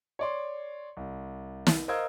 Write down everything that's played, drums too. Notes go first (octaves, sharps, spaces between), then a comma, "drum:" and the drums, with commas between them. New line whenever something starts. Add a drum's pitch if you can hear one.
C#5 D5 C6
C2
drum: snare
A#4 C5 D#5 F5 E6 G#6